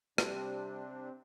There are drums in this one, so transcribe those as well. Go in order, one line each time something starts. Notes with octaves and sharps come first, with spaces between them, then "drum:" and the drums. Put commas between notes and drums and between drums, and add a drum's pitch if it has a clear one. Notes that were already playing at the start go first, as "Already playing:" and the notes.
C3 G3 C4 D4, drum: rim click